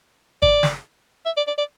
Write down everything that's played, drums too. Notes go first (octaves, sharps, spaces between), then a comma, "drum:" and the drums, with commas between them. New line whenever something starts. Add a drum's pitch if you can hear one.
D5, drum: kick
drum: snare
E5
D5
D5
D5